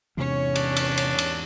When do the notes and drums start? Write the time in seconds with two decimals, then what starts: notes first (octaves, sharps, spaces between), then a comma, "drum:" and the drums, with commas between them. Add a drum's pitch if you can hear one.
0.17 E2 G#2 C3 C#4 C#5
0.55 D4, drum: cymbal
0.76 drum: cymbal
0.97 drum: cymbal
1.19 drum: cymbal